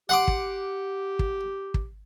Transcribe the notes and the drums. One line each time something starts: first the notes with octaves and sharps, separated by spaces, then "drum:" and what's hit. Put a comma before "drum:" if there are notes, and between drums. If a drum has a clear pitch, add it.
G4 F#5 C6 D6
drum: kick
drum: kick
drum: kick